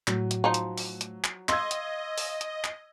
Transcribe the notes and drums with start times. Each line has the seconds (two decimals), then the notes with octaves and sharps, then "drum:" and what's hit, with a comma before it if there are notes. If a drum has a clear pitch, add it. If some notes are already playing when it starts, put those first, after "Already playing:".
0.07 A2 F#3, drum: clap
0.31 drum: hi-hat
0.44 F3 D#4
0.54 drum: hi-hat
0.78 drum: open hi-hat
1.01 drum: hi-hat
1.24 drum: clap
1.49 D#5 F5 C6 E6 G#6, drum: clap
1.71 drum: hi-hat
2.18 drum: open hi-hat
2.41 drum: hi-hat
2.64 drum: clap